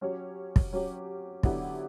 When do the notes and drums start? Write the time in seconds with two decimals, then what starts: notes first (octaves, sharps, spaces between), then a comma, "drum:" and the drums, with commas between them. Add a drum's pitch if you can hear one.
0.01 F#3 C#4 G4 C#5
0.56 drum: kick
0.73 F#3 C#4 G4 C#5
1.43 D3 F#3 B3 E4 G4, drum: kick